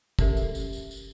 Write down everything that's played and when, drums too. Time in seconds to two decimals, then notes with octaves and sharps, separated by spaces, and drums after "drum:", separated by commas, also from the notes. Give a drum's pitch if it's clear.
0.19 C#4 G4 A4 A#4 E5, drum: kick, tambourine
0.37 drum: tambourine
0.55 drum: tambourine
0.73 drum: tambourine
0.91 drum: tambourine